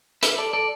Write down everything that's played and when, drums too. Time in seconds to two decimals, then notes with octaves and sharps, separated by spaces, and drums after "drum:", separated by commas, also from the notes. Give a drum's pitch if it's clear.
0.23 B4 E5, drum: hi-hat
0.38 A4 D5
0.53 A4 D5